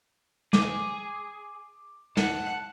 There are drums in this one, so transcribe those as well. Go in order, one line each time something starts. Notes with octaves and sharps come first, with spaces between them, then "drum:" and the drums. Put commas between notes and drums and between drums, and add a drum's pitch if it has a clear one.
G#4 D6, drum: snare
F#5 A5, drum: snare